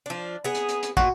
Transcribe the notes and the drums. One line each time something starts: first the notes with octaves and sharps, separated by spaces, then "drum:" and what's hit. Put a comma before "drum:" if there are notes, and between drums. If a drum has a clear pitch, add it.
F3 D4
B3 G#4
drum: hi-hat
drum: hi-hat
drum: hi-hat
A#2 F#4, drum: kick